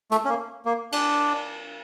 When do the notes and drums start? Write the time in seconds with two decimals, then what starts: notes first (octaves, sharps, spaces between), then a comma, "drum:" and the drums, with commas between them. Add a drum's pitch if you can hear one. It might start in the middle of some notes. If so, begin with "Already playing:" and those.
0.11 A3, drum: hi-hat
0.25 C#4
0.29 A#3
0.65 A#3
0.92 D4, drum: cymbal